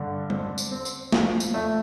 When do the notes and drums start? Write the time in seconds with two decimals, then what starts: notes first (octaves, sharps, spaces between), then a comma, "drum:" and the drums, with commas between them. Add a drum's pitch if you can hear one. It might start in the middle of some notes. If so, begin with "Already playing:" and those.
Already playing: G2 D3
0.30 C4, drum: tom G3
0.58 drum: tambourine
0.72 C4
0.85 drum: tambourine
1.12 F3, drum: snare
1.40 drum: tambourine
1.54 A3